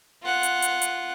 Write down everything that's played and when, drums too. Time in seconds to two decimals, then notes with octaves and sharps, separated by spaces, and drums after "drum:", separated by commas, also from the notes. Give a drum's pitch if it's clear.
0.24 F4 F#5
0.43 drum: hi-hat
0.62 drum: hi-hat
0.82 drum: hi-hat